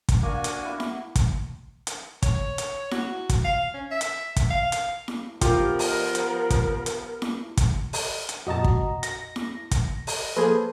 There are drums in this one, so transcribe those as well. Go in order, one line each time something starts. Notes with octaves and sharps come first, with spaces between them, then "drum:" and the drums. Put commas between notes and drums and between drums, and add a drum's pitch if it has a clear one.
drum: kick, hi-hat
A#3 D4 F#4 G#5
drum: hi-hat
B3 E4
drum: snare E4
drum: kick, hi-hat
drum: hi-hat
C#5, drum: kick, hi-hat
drum: hi-hat
F#4, drum: snare E4
drum: kick, hi-hat
F5
C#4
E5
drum: hi-hat
drum: kick, hi-hat
F5
drum: hi-hat
drum: snare E4
F3 B3 F4 G4 A#4, drum: kick, hi-hat
drum: open hi-hat
drum: hi-hat
drum: kick, hi-hat
drum: hi-hat
drum: snare E4
drum: kick, hi-hat
drum: open hi-hat
drum: hi-hat
F2 A#2 F#4 D#5 A5 A#5
drum: kick
A#6, drum: hi-hat
drum: snare E4
drum: kick, hi-hat
drum: open hi-hat
F3 A#3 G#4 A4 B4 C5